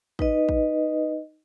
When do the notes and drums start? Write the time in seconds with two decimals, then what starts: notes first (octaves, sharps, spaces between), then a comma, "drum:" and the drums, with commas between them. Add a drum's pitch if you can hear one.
0.19 D#4 B4 D#5, drum: kick
0.49 drum: kick